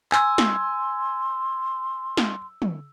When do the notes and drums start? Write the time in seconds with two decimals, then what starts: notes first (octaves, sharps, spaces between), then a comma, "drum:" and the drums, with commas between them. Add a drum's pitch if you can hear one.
0.12 G#5 C6 E6, drum: clap
0.38 drum: snare
2.17 drum: snare
2.62 drum: tom